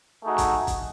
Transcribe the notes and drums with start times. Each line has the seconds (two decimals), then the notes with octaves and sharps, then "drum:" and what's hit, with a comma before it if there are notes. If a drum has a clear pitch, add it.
0.23 A3 D#4 F#4 G#4
0.38 drum: kick, hi-hat
0.67 drum: kick, hi-hat